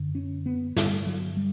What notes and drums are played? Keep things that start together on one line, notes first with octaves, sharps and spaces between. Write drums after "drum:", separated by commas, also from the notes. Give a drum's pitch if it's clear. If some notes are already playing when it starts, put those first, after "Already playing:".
Already playing: F#2 D3
C#4
B3
G2 D3 G3, drum: snare
F#3
G3